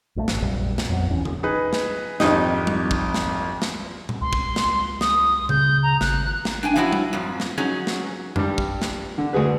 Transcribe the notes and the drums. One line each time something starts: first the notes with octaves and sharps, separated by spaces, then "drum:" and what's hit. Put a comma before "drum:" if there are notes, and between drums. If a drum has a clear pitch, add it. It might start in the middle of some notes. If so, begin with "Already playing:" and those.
A#1 A#2 E3 A3
G#1, drum: snare
F1 A#1 F#2 G3
drum: snare
F2 F#3 B3
D#1 E2 E3 C#4
drum: tom D3
D#4 G#4 B4
drum: snare
G#1 F2 D#4 G4 D#5, drum: snare
drum: tom G3
drum: kick
drum: snare
drum: snare
drum: tom A#2
C#2 C6
drum: kick
drum: snare
D#6, drum: snare
C#3 G6, drum: tom A#2
A#5
G#1 F#6, drum: snare
drum: snare
D4 G5 G#5
F3 F#3 D4 E4 F#4
drum: tom G3
F2 G#2 F3
drum: snare
F#3 C#4 D#4 G#4
drum: snare
G2 G3, drum: tom F#2
drum: kick
drum: snare
D3
D2 F#4 G#4 B4